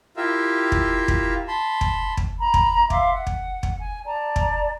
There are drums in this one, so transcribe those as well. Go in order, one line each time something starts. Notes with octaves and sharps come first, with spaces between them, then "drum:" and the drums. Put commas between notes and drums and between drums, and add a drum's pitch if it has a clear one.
E4 F4 G4 A#4 E5 F5
drum: kick
drum: kick
A5 B5 C6
drum: kick
drum: kick
A#5 B5
drum: kick
E5 F5 C6 D6, drum: kick
F#5
drum: kick
drum: kick
G#5
D5 A5 A#5
drum: kick